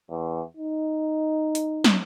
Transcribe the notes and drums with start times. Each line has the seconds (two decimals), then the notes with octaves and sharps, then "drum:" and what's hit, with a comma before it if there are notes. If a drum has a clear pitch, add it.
0.10 E2
0.57 D#4
1.55 drum: hi-hat
1.84 drum: snare